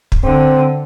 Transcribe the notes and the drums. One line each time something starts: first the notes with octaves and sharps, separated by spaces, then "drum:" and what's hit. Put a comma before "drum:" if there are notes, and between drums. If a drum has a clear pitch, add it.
drum: kick
D3 C4